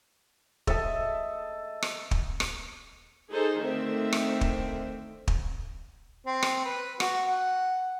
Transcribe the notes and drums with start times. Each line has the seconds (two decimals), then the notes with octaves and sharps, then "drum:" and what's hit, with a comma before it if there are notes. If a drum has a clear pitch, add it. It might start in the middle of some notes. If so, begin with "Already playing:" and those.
0.67 A4 D#5 E5 A5, drum: kick
1.82 drum: rim click
2.11 drum: kick
2.40 drum: rim click
3.31 D#4 G#4 A4 C5
3.60 D3 D#3 A3 C4 E5
4.13 drum: rim click
4.41 drum: kick
5.28 drum: kick
6.26 C4
6.43 drum: rim click
6.65 B4
7.00 F#4, drum: rim click
7.27 F#5